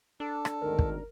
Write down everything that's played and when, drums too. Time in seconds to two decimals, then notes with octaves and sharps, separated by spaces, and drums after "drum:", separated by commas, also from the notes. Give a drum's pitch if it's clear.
0.20 D4 A4
0.45 drum: rim click
0.62 G#1 D2 D#3 A#4
0.79 drum: kick